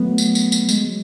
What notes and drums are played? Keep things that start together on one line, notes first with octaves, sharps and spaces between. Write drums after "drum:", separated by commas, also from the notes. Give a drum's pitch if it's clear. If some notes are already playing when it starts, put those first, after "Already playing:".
Already playing: F#3 A3 B3
drum: tambourine
drum: tambourine
drum: tambourine
G#3, drum: tambourine
F#3